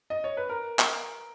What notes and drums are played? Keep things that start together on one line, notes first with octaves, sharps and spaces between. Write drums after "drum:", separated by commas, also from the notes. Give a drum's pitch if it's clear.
D#5
C#5
B4
A#4
drum: clap